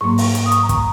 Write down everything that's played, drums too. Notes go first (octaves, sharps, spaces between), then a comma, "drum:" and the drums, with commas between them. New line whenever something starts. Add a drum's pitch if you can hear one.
G#2 F#3 A#3 C#6
drum: open hi-hat
drum: hi-hat
D#6
C#6, drum: hi-hat
A#5
C#6, drum: kick, hi-hat